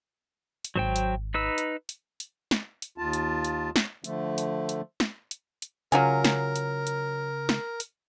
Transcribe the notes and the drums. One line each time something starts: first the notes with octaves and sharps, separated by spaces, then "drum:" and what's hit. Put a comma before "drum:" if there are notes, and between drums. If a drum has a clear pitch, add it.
drum: hi-hat
G#1 F#3 C5 G5
drum: hi-hat
D#4 B4 E6
drum: hi-hat
drum: hi-hat
drum: hi-hat
drum: snare
drum: hi-hat
D#2 F4 A5
drum: hi-hat
drum: hi-hat
drum: snare
D3 F3 A3, drum: hi-hat
drum: hi-hat
drum: hi-hat
drum: snare
drum: hi-hat
drum: hi-hat
C#3 F#3 F4 A#4 G#5, drum: hi-hat
drum: snare
drum: hi-hat
drum: hi-hat
drum: snare
drum: hi-hat